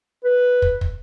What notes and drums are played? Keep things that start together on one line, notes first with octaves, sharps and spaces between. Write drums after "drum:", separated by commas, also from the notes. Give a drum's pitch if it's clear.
B4
drum: kick
drum: kick